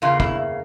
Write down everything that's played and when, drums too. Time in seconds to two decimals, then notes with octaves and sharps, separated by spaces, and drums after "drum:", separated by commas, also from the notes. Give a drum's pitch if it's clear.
0.02 E2 C#3 A#3 F4
0.20 E4, drum: kick